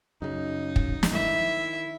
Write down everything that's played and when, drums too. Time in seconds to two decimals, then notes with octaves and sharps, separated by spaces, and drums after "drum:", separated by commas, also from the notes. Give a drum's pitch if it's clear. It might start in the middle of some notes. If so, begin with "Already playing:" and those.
0.22 F#2 C#3 D#4
0.76 drum: kick
1.03 drum: snare
1.13 D#3 E4 E5